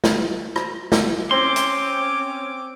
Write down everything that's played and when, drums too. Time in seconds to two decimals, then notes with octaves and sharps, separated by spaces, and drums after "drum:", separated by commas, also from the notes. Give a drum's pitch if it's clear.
0.04 drum: snare
0.56 drum: rim click
0.92 drum: snare
1.31 C4 C#4 C6 D6
1.56 drum: hi-hat